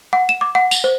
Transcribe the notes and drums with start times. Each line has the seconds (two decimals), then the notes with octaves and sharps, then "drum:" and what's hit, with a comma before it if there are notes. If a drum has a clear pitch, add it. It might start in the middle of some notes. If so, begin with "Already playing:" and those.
0.13 F#5
0.29 E7
0.41 D6
0.55 F#5
0.71 F7, drum: tambourine
0.84 C5